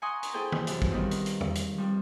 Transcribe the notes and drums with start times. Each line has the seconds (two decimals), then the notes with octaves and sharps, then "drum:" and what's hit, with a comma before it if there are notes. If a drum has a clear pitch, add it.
0.02 F#5 G#5 A#5 C6 C#6 D#6
0.23 drum: hi-hat
0.33 E4 G#4 A4 C5 G5 G#5
0.52 drum: tom D#3
0.67 F#2 C3 E3 E4, drum: hi-hat
0.82 drum: kick
0.91 D#3 G3 B3 C4 D#4 F4
1.11 drum: hi-hat
1.26 drum: hi-hat
1.41 drum: tom E2
1.55 drum: hi-hat
1.78 F2 G3